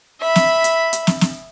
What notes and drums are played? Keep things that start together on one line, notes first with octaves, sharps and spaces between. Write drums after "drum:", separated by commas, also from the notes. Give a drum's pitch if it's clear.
E5 B5
drum: snare
drum: hi-hat
drum: hi-hat
drum: snare
drum: snare